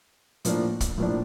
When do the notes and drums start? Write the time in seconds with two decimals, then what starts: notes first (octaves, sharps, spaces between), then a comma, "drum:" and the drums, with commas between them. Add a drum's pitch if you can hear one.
0.45 A2 F3 A#3 D4, drum: hi-hat
0.80 drum: kick, hi-hat
0.98 A2 F3 A#3 D4